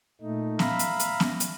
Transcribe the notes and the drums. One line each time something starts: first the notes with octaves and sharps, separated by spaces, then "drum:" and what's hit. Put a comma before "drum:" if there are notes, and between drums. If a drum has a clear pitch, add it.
A#2 A3 D#4
E5 F5 A#5 B5, drum: snare B3
drum: hi-hat
drum: hi-hat
drum: snare B3
drum: hi-hat